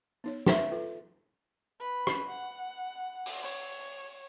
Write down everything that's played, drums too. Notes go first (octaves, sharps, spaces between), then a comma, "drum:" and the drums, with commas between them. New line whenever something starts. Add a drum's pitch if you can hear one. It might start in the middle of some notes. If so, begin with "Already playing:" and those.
B3 D#4 C#5
B4 E5 A#5 C#6, drum: snare
F4 A4 B4
B4
drum: rim click
F#5
drum: open hi-hat
C#5